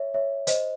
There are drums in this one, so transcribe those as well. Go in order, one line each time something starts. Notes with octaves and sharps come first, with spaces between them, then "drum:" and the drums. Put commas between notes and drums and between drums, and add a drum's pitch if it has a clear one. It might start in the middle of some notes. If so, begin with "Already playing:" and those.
Already playing: C#5 E5
C#5 E5
C5 D#5, drum: hi-hat